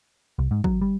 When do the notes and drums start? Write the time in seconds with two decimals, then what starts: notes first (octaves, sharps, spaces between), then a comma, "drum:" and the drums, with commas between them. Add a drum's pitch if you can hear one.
0.39 C2
0.51 G#2
0.64 F#3, drum: kick
0.82 G3